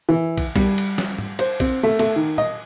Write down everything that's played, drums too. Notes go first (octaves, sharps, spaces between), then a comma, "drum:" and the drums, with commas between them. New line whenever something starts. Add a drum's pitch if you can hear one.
E3
drum: kick, cymbal
G3, drum: kick, cymbal
drum: cymbal
drum: snare
drum: tom
C5, drum: cymbal
C4, drum: kick, cymbal
A3
A3, drum: cymbal
D#3
D#5, drum: tom